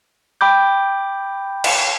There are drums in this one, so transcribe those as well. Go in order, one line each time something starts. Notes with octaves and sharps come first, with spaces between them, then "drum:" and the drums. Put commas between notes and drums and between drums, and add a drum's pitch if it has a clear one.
G5 B5 D6 G6
drum: cymbal